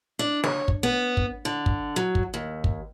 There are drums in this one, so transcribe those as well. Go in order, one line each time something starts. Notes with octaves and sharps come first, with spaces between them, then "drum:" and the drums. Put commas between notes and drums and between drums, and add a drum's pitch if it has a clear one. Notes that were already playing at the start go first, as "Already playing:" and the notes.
D4
C#5, drum: snare
drum: kick
B3
drum: kick
D3
drum: kick
F#3
drum: kick
D#2
drum: kick